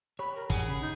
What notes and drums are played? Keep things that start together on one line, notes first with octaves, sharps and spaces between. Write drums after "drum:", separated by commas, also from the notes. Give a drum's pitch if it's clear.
G4 C#5 B5
A#4
G#4 F#5, drum: kick, hi-hat
C#3 B5
D#4